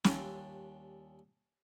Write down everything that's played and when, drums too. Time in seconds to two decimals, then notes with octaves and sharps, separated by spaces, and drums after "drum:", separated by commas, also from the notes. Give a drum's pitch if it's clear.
0.04 D#2 G3 C#4 D4 F4 D5, drum: snare